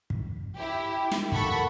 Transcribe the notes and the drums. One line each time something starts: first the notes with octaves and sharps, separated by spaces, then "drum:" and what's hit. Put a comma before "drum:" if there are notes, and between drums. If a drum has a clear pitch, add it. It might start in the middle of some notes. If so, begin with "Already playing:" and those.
drum: kick
E4 G4
drum: snare
A#3 A4 F#5 B5 C#6, drum: kick